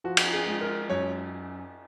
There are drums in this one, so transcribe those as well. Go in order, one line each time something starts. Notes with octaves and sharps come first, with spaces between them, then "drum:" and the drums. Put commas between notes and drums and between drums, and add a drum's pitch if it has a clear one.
F3 F#4
drum: cymbal
G#4
G#3
A#4
F#2 C#5